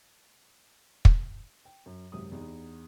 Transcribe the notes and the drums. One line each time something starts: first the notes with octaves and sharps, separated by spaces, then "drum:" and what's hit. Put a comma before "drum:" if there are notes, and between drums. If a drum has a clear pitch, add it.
drum: kick
G5
F#2
G#1 F#2 C3 D#6
E2 D#4 G4